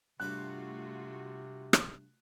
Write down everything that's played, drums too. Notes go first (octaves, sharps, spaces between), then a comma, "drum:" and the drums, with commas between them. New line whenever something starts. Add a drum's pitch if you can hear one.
G2 C3 A3 F4 F#4 B4 D6 F#6
drum: rim click